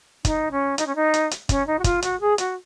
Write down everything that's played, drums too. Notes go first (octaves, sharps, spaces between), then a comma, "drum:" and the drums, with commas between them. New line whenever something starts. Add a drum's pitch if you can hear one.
D#4, drum: kick, hi-hat
C#4
D#4, drum: hi-hat
C#4
D#4
drum: hi-hat
drum: hi-hat
C#4, drum: kick, hi-hat
D#4
F#4
F4, drum: kick, hi-hat
F#4, drum: hi-hat
G#4
F#4, drum: hi-hat